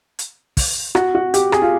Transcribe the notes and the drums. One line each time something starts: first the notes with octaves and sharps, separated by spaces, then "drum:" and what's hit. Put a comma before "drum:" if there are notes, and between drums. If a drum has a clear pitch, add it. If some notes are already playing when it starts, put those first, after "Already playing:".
drum: hi-hat
drum: kick, open hi-hat
F#4, drum: rim click
F#4
G4, drum: hi-hat
G#4, drum: rim click
F4